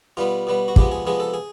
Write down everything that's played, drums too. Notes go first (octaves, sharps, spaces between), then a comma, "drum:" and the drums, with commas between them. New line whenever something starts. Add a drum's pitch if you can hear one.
B2 G3 B3 F4
B2 G3 B3
F#4
C3 F3 G#3 B3 G4, drum: kick
G#4
C3 F3 G#3 B3 G#4
A4
G#4